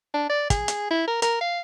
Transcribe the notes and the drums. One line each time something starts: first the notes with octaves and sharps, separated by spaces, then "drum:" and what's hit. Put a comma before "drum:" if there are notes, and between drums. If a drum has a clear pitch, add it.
D4
D5
G#4, drum: kick, hi-hat
drum: hi-hat
E4
A#4
A#4, drum: hi-hat
F5